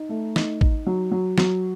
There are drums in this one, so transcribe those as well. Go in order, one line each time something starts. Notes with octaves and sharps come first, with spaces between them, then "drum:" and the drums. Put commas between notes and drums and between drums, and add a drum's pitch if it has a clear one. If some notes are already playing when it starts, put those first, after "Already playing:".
Already playing: D#4
A3
D#4, drum: snare
D#4, drum: kick A1
F#3
F#3
F#3, drum: snare